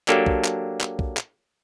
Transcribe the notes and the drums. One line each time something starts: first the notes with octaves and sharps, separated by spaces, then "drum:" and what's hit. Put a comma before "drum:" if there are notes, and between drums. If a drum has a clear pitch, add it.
F#3 A#3 D4 G4 A4, drum: clap
drum: kick B1
drum: clap
drum: clap
drum: kick B1
drum: clap